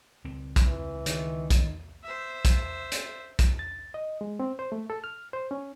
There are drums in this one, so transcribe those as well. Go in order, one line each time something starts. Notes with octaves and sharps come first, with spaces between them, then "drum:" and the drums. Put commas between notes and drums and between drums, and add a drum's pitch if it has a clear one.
C#2 C4
drum: kick, hi-hat
E3
D#3, drum: hi-hat
drum: kick, hi-hat
C5 E5
drum: kick, hi-hat
drum: hi-hat
drum: kick, hi-hat
A6
D#5
G#3
C4
C5
A3
A4
F6
C5
C#4